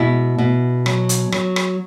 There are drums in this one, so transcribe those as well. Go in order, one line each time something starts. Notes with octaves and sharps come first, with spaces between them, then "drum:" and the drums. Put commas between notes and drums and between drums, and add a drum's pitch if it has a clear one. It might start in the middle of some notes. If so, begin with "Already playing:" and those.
Already playing: B2 G#3 E4
B2
F#3, drum: rim click
drum: hi-hat
F#3, drum: rim click
drum: rim click